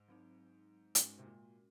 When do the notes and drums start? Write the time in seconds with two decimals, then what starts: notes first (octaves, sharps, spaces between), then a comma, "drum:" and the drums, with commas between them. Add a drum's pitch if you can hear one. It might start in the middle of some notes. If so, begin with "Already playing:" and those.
Already playing: G#2
0.08 F#3 C4 D#4
0.95 G#2 G#3 C#4 F#4 A#4, drum: hi-hat
1.19 C3
1.23 A#2